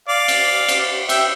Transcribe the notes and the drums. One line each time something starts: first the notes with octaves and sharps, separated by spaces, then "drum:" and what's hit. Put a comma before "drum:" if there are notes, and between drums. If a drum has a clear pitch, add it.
D5 F5
drum: cymbal
drum: cymbal
E5 G5, drum: cymbal